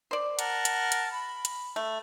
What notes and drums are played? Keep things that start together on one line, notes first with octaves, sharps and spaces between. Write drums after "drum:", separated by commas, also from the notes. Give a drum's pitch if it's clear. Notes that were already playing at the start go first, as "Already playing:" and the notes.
C5 D5
A#4 F#5 A5, drum: hi-hat
drum: hi-hat
drum: hi-hat
B5
drum: hi-hat
A3